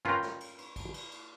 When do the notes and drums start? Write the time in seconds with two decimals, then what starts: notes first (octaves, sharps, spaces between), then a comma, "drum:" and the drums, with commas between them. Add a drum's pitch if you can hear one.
0.05 C#4 F4 A#4 B4 G5 A#5, drum: tom
0.23 drum: snare
0.40 drum: cymbal
0.58 drum: cymbal
0.76 drum: kick A1, cymbal
0.94 drum: cymbal
1.12 drum: cymbal